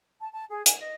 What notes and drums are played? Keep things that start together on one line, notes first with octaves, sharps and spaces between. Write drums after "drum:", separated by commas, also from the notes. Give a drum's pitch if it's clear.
A5
A5
G#4
G#5, drum: hi-hat
D#5